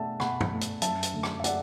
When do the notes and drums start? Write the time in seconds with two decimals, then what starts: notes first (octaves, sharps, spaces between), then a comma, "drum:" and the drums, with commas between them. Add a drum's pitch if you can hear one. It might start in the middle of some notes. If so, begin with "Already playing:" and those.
Already playing: B2 A3 D5 E5 F#5 A5
0.20 B2 F#5 B5, drum: rim click
0.41 drum: tom
0.51 A3
0.61 drum: hi-hat
0.82 F#2 E5 A5, drum: hi-hat
1.03 drum: hi-hat
1.12 D3 A3
1.23 drum: rim click
1.40 E5
1.44 D5 F#5, drum: hi-hat